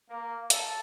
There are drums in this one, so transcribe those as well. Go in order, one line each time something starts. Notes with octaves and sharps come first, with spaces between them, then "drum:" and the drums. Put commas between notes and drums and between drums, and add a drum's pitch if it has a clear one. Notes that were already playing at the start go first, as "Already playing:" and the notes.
A#3
A4, drum: hi-hat